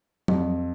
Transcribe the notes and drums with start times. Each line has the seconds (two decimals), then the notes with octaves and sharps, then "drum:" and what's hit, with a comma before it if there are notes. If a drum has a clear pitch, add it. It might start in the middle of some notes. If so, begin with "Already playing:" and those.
0.28 F2, drum: tom